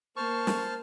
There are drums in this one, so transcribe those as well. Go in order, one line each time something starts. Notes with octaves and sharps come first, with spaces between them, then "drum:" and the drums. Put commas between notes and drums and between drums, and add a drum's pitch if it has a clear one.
A#3 C5 A5 C#6 F6
drum: snare